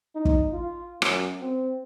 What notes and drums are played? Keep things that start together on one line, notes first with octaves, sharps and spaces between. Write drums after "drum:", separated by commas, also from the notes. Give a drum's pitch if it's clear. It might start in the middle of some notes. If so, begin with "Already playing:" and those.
D#4
drum: kick
F4
F#2, drum: rim click
C4